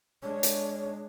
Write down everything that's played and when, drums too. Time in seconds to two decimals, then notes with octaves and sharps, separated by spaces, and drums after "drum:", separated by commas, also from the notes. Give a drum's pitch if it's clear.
0.23 G#3 D4 C#5
0.43 drum: hi-hat